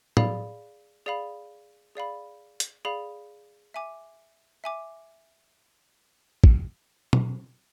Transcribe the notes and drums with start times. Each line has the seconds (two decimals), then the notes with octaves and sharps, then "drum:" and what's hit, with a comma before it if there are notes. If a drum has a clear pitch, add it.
0.17 G#4 D5 F5 B5, drum: tom
1.06 G#4 D5 F5 B5
1.95 G#4 D5 F5 B5
2.60 drum: hi-hat
2.85 G#4 D5 F5 B5
3.74 E5 G#5 D6
4.64 E5 G#5 D6
6.44 drum: kick
7.13 drum: tom B2